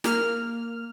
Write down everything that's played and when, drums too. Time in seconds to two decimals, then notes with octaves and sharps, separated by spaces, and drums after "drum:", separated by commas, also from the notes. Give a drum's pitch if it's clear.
0.04 A#3 F6, drum: snare